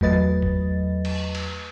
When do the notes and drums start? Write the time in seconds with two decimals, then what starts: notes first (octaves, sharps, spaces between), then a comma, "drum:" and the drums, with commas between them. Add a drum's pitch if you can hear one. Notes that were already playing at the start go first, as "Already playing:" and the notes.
0.01 E2 F#3 A3 B4 D#5 A6, drum: kick F#1
0.42 drum: kick F#1
1.05 drum: cymbal
1.35 drum: cymbal